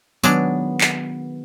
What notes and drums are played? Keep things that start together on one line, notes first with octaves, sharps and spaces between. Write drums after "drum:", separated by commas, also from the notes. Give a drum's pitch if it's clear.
D#3 F#3 G#3 B3 D4, drum: tambourine
drum: clap